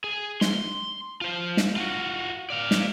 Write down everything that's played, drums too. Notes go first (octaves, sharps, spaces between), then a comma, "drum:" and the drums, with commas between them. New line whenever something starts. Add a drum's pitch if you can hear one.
G#4
C6, drum: snare
F4 C5
drum: snare
F4 F#4
D5 F5
drum: snare